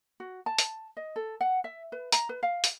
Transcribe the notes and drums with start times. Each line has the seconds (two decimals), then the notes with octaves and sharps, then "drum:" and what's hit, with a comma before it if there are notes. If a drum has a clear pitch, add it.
0.20 F#4
0.46 A5
0.58 drum: hi-hat
0.97 D#5
1.16 A4
1.41 F#5
1.64 E5
1.92 B4
2.12 A#5, drum: hi-hat
2.29 B4
2.43 F5
2.64 drum: hi-hat